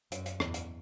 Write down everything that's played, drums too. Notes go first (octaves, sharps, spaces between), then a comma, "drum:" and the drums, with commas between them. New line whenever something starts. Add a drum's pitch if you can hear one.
F#2, drum: hi-hat
drum: hi-hat
E2, drum: rim click
drum: hi-hat